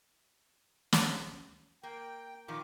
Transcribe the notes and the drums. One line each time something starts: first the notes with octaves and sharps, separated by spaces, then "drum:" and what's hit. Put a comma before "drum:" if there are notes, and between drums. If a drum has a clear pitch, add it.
drum: snare
A#3 G5
A#2 D#3 F3 G5 D6